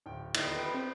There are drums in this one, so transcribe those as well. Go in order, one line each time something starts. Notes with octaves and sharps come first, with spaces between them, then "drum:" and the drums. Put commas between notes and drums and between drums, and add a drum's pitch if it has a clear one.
D1 G5
D#2 D3 D#3 E4, drum: cymbal
B4 E5 G5
C4